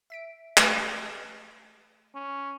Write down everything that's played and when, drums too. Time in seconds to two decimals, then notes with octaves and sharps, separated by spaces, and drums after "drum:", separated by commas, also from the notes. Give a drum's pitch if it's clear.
0.10 E5 B6 D7
0.57 A3 B4 G#5, drum: clap
2.15 C#4